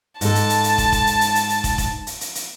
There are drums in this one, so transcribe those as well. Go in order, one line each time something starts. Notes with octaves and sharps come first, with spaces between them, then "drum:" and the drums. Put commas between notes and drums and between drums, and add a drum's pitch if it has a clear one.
G#2 A4 A5, drum: hi-hat
drum: hi-hat
drum: hi-hat
drum: hi-hat
drum: kick, hi-hat
drum: kick, hi-hat
drum: hi-hat
drum: hi-hat
drum: hi-hat
drum: hi-hat
drum: kick, hi-hat
drum: kick, hi-hat
drum: hi-hat
drum: hi-hat
drum: hi-hat